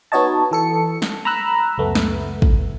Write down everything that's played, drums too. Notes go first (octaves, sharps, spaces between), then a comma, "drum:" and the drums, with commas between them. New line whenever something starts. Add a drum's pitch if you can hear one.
B3 D#4 F#4 C#5 D#5 A5
E3 A4 C#7
drum: snare
A#5 B5 E6 F#6
C#2 F#2 A3 B3
drum: snare
drum: kick